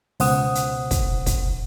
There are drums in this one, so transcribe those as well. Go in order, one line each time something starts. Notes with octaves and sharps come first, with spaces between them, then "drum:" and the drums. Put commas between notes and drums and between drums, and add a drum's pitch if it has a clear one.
C#2 B2 C5 F#5 D#6, drum: open hi-hat
drum: hi-hat
drum: kick, hi-hat
drum: kick, hi-hat